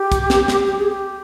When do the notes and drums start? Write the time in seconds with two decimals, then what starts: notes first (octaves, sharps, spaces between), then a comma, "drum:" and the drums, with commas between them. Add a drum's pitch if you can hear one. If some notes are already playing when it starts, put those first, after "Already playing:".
Already playing: G4
0.12 drum: kick, hi-hat
0.30 drum: snare
0.48 drum: snare
0.66 G4
0.78 G#4
0.90 G4